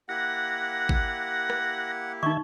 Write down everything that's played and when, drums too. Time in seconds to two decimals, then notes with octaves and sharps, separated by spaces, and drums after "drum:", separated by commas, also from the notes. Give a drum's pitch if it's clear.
0.09 A#3 E4 G4 F#5 F#6 A#6
0.89 drum: kick G#1
1.50 drum: rim click
2.23 D#3 D#4 E5 C#6 G#6